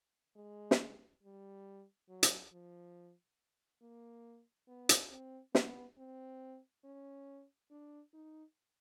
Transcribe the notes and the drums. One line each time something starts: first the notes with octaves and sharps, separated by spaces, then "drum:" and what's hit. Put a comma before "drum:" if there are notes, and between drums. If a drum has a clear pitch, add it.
G#3
drum: snare
G3
F#3
drum: hi-hat
F3
A#3
B3
drum: hi-hat
C4
B3, drum: snare
C4
C#4
D4
D#4